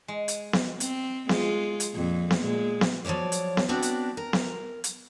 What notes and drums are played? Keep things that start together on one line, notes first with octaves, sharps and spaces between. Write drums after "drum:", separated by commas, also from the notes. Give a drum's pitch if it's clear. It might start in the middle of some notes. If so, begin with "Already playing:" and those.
G#3
drum: hi-hat
drum: snare B3
C4, drum: hi-hat
G#3 F4, drum: snare B3
drum: hi-hat
F2 A#2
drum: snare B3
A#2 G#3
drum: snare B3
F3 F#3 G#3 C#5 D5
drum: hi-hat
drum: snare B3
B3 C4 D4 F#4 D5
drum: hi-hat
A#4
drum: snare B3
drum: hi-hat